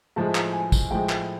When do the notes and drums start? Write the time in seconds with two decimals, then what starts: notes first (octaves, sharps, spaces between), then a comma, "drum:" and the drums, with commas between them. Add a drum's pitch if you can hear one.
0.16 A2 F3 G#3 A5
0.35 drum: clap
0.53 G#5
0.72 drum: kick, tambourine
0.91 A2 F3 G#3 G5
1.09 drum: clap